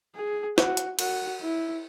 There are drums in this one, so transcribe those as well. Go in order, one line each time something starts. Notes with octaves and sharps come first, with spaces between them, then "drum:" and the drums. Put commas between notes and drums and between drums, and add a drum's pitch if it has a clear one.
G#4
F#4, drum: snare
drum: hi-hat
F#4, drum: cymbal
E4